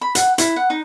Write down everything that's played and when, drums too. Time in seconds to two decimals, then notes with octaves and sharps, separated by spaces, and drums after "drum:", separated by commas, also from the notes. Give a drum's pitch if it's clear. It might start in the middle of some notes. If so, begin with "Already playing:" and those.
0.01 B5
0.15 F#5, drum: hi-hat
0.38 E4, drum: hi-hat
0.56 F#5
0.70 D#4